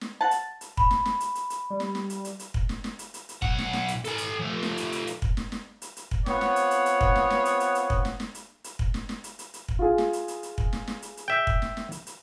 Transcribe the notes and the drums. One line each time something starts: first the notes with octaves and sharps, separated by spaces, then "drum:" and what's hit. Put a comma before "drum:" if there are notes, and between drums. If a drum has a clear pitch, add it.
drum: snare
F#5 A5
drum: hi-hat
drum: hi-hat
B5, drum: kick
drum: snare
drum: snare
drum: hi-hat
drum: hi-hat
drum: hi-hat
G3
drum: snare
drum: snare
drum: hi-hat
drum: hi-hat
drum: hi-hat
drum: kick
drum: snare
drum: snare
drum: hi-hat
drum: hi-hat
drum: hi-hat
B1 F#5, drum: kick
drum: snare
drum: snare
drum: hi-hat
A4 G#5, drum: hi-hat
drum: hi-hat
F3 A3
drum: snare
drum: hi-hat
drum: hi-hat
drum: hi-hat
drum: kick
drum: snare
drum: snare
drum: hi-hat
drum: hi-hat
drum: kick
B3 C4 F4 C#5 F#5 D#6, drum: snare
drum: snare
drum: hi-hat
drum: hi-hat
drum: hi-hat
drum: kick
drum: snare
drum: snare
drum: hi-hat
drum: hi-hat
drum: hi-hat
drum: kick
drum: snare
drum: snare
drum: hi-hat
drum: hi-hat
drum: kick
drum: snare
drum: snare
drum: hi-hat
drum: hi-hat
drum: hi-hat
drum: kick
F4 G#4
drum: snare
drum: hi-hat
drum: hi-hat
drum: hi-hat
drum: kick
drum: snare
drum: snare
drum: hi-hat
drum: hi-hat
E5 G5
drum: kick
drum: snare
drum: snare
drum: hi-hat
drum: hi-hat